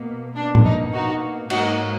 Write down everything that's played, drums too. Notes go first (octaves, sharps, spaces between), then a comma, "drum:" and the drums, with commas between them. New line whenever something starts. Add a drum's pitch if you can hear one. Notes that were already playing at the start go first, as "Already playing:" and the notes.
Already playing: B2 A#3
B2 A#3 D4
drum: tom A2
D#4
D#4 F#4
G#2 F#3 A#3 D#4 F#4, drum: cymbal